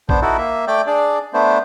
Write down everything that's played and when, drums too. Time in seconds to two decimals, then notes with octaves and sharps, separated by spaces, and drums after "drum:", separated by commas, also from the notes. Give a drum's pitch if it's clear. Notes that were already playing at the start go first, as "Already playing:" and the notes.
0.09 B3 D4 C5, drum: kick A1
0.22 D#4 E4 F#4 A4
0.38 A#3 E5
0.68 A3 D5 G5 D6
0.87 D4 G#4 D5
1.34 A3 B3 D4 C5